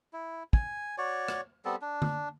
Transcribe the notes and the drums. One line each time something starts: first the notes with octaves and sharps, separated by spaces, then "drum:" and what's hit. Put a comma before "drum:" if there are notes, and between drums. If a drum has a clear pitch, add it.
E4
G#5, drum: kick
F#4 C#5 D5
drum: rim click
G3 B3 C4 A4
D4
drum: tom D3